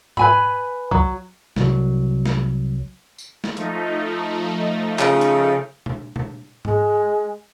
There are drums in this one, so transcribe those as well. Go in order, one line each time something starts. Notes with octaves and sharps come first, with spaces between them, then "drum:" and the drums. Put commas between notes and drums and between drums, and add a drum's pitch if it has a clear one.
B4 G#5 B5, drum: tom G#2
F#3, drum: kick C2
C2 F#3, drum: snare
drum: snare
drum: tambourine
drum: snare
F3 A3 D#4, drum: hi-hat
C#3, drum: clap
drum: hi-hat
drum: tom A#2
drum: tom A#2
G#3, drum: tom G#2